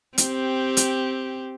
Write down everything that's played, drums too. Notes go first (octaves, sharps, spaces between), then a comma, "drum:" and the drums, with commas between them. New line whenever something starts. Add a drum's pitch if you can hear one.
C4 G4, drum: hi-hat
drum: hi-hat